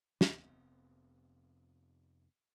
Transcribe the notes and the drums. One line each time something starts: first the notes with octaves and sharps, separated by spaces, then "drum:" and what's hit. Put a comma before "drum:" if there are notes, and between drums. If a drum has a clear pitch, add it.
F1 B3 C4, drum: snare